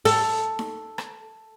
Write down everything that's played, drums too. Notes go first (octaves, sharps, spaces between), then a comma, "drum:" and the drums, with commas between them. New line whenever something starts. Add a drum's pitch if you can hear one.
A4, drum: open hi-hat
drum: snare D#4
drum: rim click